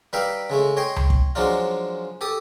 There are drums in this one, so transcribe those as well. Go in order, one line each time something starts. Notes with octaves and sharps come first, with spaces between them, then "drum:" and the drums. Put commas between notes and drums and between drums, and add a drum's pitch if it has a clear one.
G3 D#4 B4 E5 F5 G5
C#3 G#3 A3
C#5 D#5 G5 C6
drum: tom C#2
drum: kick
F3 F#3 G#3 D4 D#4 F4
G4 A4 D#6